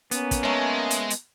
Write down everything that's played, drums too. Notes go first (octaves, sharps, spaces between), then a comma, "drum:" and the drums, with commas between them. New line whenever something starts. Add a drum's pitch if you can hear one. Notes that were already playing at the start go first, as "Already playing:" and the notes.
A#3 B3 C#4, drum: hi-hat
drum: kick, hi-hat
F#3 G#3 A3
drum: hi-hat
drum: hi-hat